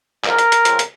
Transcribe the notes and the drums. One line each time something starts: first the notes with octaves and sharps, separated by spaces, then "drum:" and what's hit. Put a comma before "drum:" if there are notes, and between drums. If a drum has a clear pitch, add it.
G#2 F3 A#3 A#4, drum: clap
drum: hi-hat
drum: hi-hat
C#2 C#3 F3 C4, drum: hi-hat
drum: hi-hat